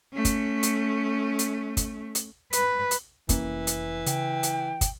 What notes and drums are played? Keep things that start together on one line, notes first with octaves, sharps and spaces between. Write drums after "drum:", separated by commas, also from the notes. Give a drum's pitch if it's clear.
A3 C#4
drum: kick, hi-hat
drum: hi-hat
drum: hi-hat
drum: kick, hi-hat
drum: hi-hat
B4, drum: hi-hat
drum: hi-hat
F1 E3 A#3 C#4, drum: kick, hi-hat
drum: hi-hat
C#3 G5, drum: hi-hat
drum: hi-hat
drum: kick, hi-hat